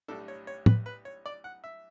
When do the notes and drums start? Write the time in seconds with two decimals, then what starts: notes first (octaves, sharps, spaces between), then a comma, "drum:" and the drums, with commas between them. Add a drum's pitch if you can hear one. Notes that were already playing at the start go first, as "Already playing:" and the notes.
0.08 B1 A2 G3 D4 A4
0.28 C#5
0.47 C#5
0.66 B4, drum: tom
0.86 B4
1.05 C#5
1.26 D5
1.44 F#5
1.64 E5